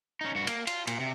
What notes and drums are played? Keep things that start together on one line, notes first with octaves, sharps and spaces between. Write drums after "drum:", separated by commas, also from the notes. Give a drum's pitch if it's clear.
C#4 D#4
G2 F#4
A#3, drum: cymbal
F4, drum: cymbal
A#2, drum: cymbal
C3